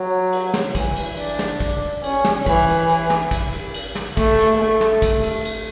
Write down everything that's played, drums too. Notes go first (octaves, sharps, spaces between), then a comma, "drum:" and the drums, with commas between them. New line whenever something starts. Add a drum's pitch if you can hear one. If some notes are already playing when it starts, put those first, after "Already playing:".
Already playing: F#3
drum: cymbal
drum: snare
E3, drum: kick, cymbal
drum: cymbal
D4, drum: cymbal
drum: snare
drum: kick, cymbal
C#4, drum: cymbal
drum: snare
E3, drum: kick, cymbal
drum: cymbal
drum: cymbal
drum: snare
drum: kick, cymbal
drum: cymbal
drum: cymbal
drum: snare
A3, drum: kick, cymbal
drum: cymbal
A3
drum: snare
drum: kick, cymbal
drum: cymbal
drum: cymbal